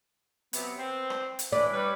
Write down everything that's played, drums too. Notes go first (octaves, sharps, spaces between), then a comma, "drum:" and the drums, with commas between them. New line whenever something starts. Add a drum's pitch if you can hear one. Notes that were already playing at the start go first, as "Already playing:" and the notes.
C3 F#3 B3, drum: hi-hat
C4 B4 C5
drum: rim click
drum: hi-hat
E3 D4 B4 D5
G3 B4 C#5